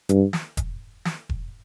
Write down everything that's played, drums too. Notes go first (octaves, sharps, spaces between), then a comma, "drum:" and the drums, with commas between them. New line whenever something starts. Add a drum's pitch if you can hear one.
G2, drum: hi-hat
drum: snare
drum: kick E1, hi-hat
drum: snare
drum: kick E1